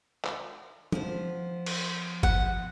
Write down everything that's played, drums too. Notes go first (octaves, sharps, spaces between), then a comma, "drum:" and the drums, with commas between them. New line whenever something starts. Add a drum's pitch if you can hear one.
drum: clap
F3 B3 C5, drum: tom
drum: cymbal
F#5, drum: kick